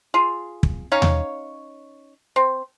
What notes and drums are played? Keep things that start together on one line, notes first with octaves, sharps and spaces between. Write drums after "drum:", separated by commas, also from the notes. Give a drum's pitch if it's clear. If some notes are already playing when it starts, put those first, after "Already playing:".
F4 G#4
drum: kick
C#4 D#4 C#5 F5
drum: tom D#2
C4